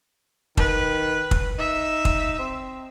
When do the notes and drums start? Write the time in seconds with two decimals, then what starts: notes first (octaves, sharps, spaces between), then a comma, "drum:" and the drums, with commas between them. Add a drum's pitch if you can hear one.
0.57 D#3 B4, drum: kick
1.31 drum: kick
1.59 D#4 E5
2.05 drum: kick
2.39 C4